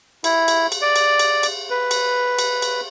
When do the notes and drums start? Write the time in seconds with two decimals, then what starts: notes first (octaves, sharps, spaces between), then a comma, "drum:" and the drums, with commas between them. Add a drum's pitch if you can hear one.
0.24 E4, drum: cymbal
0.48 drum: cymbal
0.72 drum: cymbal
0.82 D5
0.96 drum: cymbal
1.19 drum: cymbal
1.43 drum: cymbal
1.70 B4
1.91 drum: cymbal
2.39 drum: cymbal
2.62 drum: cymbal